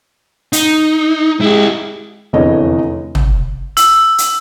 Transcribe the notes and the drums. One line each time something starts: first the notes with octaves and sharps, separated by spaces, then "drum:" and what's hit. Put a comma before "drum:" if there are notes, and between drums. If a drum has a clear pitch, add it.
D#4, drum: hi-hat
G#3 E4 G4
F1 E2 D3 E4 C#5 D#5
drum: tom
E6, drum: hi-hat
drum: hi-hat